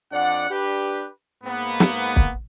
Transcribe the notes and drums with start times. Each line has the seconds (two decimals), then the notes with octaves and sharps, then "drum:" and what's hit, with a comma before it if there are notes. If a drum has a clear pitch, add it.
0.13 F2 D4 D5 F#5
0.50 D4 G4 B4
1.44 G#2 A#3 B3
1.80 drum: snare
2.16 drum: kick